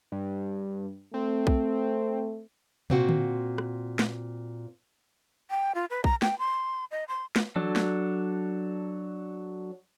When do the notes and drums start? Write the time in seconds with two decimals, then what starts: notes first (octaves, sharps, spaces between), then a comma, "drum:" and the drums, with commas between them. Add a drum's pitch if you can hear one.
0.12 G2
1.14 A3 C4
1.47 drum: kick B1
2.90 A#2 C4 F#4, drum: tom
3.09 drum: tom D3
3.58 drum: rim click
3.99 drum: snare
5.50 G5
5.75 F4
5.90 B4
6.04 A#5, drum: kick B1
6.22 G5, drum: snare
6.39 C6
6.91 D#5
7.08 C6
7.36 drum: snare
7.56 F#3 D4 A4, drum: tom E3
7.76 drum: snare